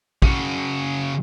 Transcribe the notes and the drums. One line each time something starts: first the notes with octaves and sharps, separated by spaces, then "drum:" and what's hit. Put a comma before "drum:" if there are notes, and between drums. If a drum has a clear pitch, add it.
C#3 F#4, drum: kick